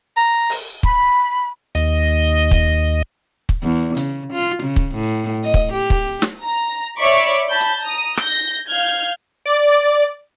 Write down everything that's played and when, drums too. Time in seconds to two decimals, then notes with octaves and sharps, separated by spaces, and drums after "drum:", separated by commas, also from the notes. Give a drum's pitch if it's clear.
0.17 A#5
0.50 drum: open hi-hat
0.83 B5, drum: kick
1.75 D#2 D#5, drum: hi-hat
2.51 drum: kick
3.49 drum: kick
3.63 E2
3.97 C#3, drum: hi-hat
4.33 F4
4.63 C#3
4.76 drum: kick
4.95 A2
5.45 D#5
5.54 drum: kick
5.73 G4
5.90 drum: kick
6.22 drum: snare
6.44 A#5
6.98 C#5 D5 E5 B5 C#6 D6
7.49 A5 B5 G6
7.61 drum: hi-hat
7.83 A#5 D#6
8.17 G6 A#6, drum: rim click
8.69 F5 F6 G6 G#6
9.46 D5